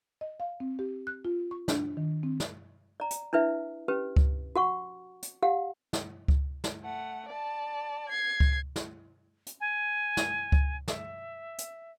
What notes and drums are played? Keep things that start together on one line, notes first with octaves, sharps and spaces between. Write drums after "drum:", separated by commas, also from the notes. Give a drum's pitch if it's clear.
D#5
F5
C4
G4
F#6
F4
C#6
D4, drum: snare
D#3
C4
drum: snare
D5 A#5
drum: hi-hat
D4 E4 B4 E5
C#4 G4 B4
drum: kick C#2
F#4 F#5 C#6
drum: hi-hat
G4 F5 F#5
drum: snare
drum: kick C#2
drum: snare
A3 F#5
D5 A5
G#6 C7
drum: kick C#2
drum: snare
drum: hi-hat
G#5
drum: snare
drum: kick C#2
E5, drum: snare
drum: hi-hat